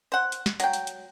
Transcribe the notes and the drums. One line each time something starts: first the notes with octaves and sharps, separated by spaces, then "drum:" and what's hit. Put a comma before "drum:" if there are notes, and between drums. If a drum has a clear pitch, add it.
C5 F#5
drum: hi-hat
drum: snare
F#3 G5, drum: hi-hat
drum: hi-hat
drum: hi-hat